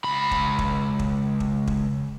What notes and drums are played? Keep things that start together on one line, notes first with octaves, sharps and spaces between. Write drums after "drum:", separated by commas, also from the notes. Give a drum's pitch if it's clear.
C#2 B5
drum: kick
drum: kick
drum: kick
drum: kick
drum: kick